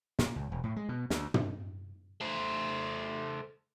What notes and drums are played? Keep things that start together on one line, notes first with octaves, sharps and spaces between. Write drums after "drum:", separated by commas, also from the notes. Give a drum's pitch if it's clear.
A#2, drum: snare
C#2
E1
A2
G#3
B2
D2, drum: snare
drum: tom
A3 C5